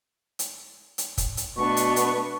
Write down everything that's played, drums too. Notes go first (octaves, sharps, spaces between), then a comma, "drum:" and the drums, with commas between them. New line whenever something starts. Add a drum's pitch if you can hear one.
drum: hi-hat
drum: hi-hat
drum: kick, hi-hat
drum: hi-hat
B2 A3 B3 D4 C#6
drum: hi-hat
drum: hi-hat